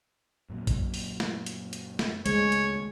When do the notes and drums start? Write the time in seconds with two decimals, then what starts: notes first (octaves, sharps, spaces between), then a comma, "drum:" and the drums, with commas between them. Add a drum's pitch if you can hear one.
0.50 F#2 A#2 F#3
0.67 drum: kick A#1, hi-hat
0.94 drum: open hi-hat
1.20 drum: snare
1.46 drum: hi-hat
1.73 drum: hi-hat
1.99 drum: snare
2.26 C#2 D#3 G#3 A3 C#5, drum: hi-hat
2.52 drum: hi-hat